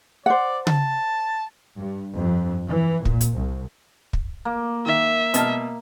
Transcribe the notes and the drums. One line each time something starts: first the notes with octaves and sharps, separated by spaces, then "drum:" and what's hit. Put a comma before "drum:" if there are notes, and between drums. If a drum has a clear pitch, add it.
C5 D5 F#5
A5, drum: tom C#3
G2
F2
E3
A#2, drum: kick
drum: hi-hat
C2
drum: kick
A#3
D#3 E5
B2 A5 F6, drum: hi-hat